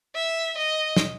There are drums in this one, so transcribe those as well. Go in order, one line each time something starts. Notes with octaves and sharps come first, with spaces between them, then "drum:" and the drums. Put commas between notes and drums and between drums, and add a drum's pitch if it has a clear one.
E5
D#5
drum: snare